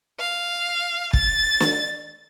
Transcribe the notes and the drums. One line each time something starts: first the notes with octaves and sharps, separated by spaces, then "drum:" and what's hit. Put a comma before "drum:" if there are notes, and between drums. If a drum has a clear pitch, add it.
F5
A6, drum: kick
drum: snare